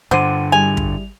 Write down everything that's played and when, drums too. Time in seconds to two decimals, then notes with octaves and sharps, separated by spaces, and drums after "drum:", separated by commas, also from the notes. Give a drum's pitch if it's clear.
0.11 G2 D3 C5 F#5 D6 D#7
0.52 G3 E4 G#4 G#5 F7
0.77 drum: kick